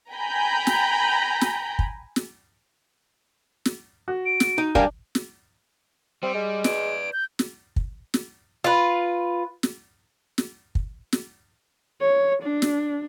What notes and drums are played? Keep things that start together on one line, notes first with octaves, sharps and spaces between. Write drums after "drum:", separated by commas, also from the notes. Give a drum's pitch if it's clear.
G5 G#5 A#5 B5 G6
drum: snare
drum: snare
drum: kick
drum: snare
drum: snare
F#4
D7
drum: snare
D#4
G3 D4 A#4 F5 G#5, drum: kick
drum: snare
G3 C4
G#3
B4 D5 D7, drum: snare
G6
drum: snare
drum: kick
drum: snare
F4 B4
drum: snare
drum: snare
drum: kick
drum: snare
C#5
D4
drum: snare